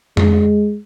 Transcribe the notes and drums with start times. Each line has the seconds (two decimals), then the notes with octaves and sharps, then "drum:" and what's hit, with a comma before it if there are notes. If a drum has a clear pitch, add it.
0.17 G#3, drum: tom F2